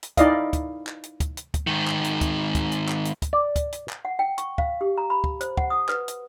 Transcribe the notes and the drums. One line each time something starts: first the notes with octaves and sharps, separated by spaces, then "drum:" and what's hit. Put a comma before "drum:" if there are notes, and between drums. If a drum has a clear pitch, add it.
drum: hi-hat
D#4 E4 D5 D#5 F5, drum: kick, hi-hat
drum: kick, hi-hat
drum: clap
drum: hi-hat
drum: kick, hi-hat
drum: hi-hat
drum: kick, hi-hat
G#2 D#3
drum: clap
drum: hi-hat
drum: kick, hi-hat
drum: kick, hi-hat
drum: hi-hat
drum: clap
drum: hi-hat
drum: kick, hi-hat
D5
drum: kick, hi-hat
drum: hi-hat
drum: clap
F#5
G5
C#6, drum: hi-hat
F5, drum: kick
G4
A#5
B5
drum: kick
C5, drum: hi-hat
F#5, drum: kick
D#6
B4, drum: clap
drum: hi-hat